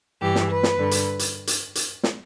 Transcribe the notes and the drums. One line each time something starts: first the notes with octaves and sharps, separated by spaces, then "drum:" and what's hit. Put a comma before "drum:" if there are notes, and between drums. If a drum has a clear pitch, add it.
G2 E3 G4
drum: snare
B4
drum: snare
G2 D3
drum: hi-hat
drum: hi-hat
drum: hi-hat
drum: hi-hat
drum: snare